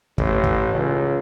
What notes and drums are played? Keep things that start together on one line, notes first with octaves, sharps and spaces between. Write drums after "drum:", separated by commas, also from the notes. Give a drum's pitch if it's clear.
A1, drum: kick
drum: kick
C#2